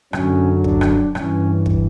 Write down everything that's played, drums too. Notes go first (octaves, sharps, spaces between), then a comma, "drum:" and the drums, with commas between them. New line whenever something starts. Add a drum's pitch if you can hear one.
F#2 D3 F#3 C#4, drum: rim click
D4, drum: kick
drum: rim click
G2 E3 C#4, drum: rim click
drum: kick